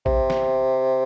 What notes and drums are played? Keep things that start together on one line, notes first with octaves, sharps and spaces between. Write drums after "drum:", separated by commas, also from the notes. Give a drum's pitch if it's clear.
C3, drum: kick
drum: snare